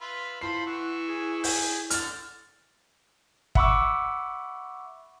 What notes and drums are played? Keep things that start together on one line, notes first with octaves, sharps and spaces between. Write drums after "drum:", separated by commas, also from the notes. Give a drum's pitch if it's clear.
F4 B4 E5 B5 C6
E4 F4 A4 C5 B5 C6 C7
E3 F#5 C#6 E6
G#4 G#5
G6, drum: open hi-hat
D3 A4 F6 A6, drum: hi-hat
E5 F#5 B5 C#6 D6 E6, drum: kick